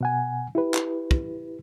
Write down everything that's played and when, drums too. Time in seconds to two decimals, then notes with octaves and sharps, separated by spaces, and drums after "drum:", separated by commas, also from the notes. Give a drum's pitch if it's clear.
0.01 B2 F#5 G#5
0.55 E4 G4 B4
0.74 drum: clap
1.11 drum: kick